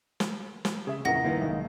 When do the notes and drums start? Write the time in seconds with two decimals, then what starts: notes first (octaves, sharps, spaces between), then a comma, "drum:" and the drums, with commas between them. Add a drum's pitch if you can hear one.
0.20 drum: snare
0.65 drum: snare
0.87 C#3 G#4 E5
1.05 A#1 E2 C#3 A#4 F#5 A#6
1.24 G1 D#2 D#3 A#3 E4 B4
1.41 B1 G#3